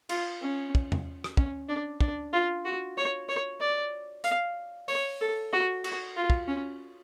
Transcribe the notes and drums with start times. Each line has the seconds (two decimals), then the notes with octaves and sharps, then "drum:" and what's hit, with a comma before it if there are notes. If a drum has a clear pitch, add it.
0.09 F4, drum: cymbal
0.41 C#4
0.75 drum: kick
0.92 drum: tom E2
1.24 drum: rim click
1.37 C#4, drum: kick
1.69 D4
2.01 D4, drum: kick
2.33 F4
2.65 F#4
2.97 C#5
3.28 C#5
3.60 D5
4.24 F5, drum: hi-hat
4.88 C#5, drum: open hi-hat
5.21 A4
5.53 F#4
5.84 F#4, drum: cymbal
6.16 F4
6.30 drum: kick
6.48 C#4